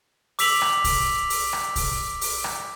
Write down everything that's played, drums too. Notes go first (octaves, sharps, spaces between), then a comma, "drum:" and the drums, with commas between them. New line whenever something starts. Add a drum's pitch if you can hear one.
D6 E6 B6 F7 F#7, drum: open hi-hat
drum: rim click
drum: kick, open hi-hat
drum: open hi-hat
drum: rim click
drum: kick, open hi-hat
drum: open hi-hat
drum: rim click